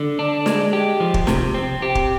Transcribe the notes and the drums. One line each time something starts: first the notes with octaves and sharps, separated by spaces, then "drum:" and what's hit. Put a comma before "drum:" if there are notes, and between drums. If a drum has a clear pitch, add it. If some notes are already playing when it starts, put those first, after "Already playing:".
Already playing: D3
D4
G#3, drum: snare
G4
F3
drum: kick
C3, drum: snare
C4
G4
drum: kick